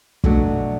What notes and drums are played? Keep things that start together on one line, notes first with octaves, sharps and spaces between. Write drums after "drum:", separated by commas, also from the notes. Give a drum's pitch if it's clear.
B2 F#3 A3 D4 F#4, drum: kick